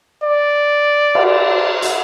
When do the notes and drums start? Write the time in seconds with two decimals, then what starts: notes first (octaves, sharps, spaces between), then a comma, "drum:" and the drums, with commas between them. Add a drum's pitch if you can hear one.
0.24 D5
1.15 drum: cymbal
1.26 D5
1.82 drum: hi-hat